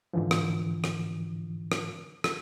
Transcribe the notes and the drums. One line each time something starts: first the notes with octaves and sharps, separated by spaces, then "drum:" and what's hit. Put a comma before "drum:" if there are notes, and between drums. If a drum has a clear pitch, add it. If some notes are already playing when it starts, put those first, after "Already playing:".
G#2 D3 E3 F3
drum: rim click
drum: rim click
drum: rim click
drum: rim click